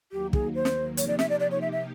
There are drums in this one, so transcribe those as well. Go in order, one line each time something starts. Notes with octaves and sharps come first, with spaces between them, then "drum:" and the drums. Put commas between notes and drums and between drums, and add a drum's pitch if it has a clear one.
D#2 D#3 F#3 A#3 G4
G#4, drum: kick
C5
drum: snare
C3 F3 A#3 D#4 G4 C#5, drum: hi-hat
D5
E5, drum: snare
D5
D5
C#5
E5
E5